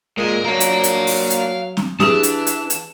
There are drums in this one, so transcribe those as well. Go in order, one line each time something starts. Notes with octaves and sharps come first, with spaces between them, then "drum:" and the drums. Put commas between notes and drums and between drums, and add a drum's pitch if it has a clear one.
A#2 G#3 A#4
F#3 A#3 D4 F5 A#5
drum: hi-hat
drum: hi-hat
drum: open hi-hat
drum: hi-hat
drum: snare C4
E3 D4 G4 G#4 A5, drum: snare C4
drum: hi-hat
drum: hi-hat
drum: hi-hat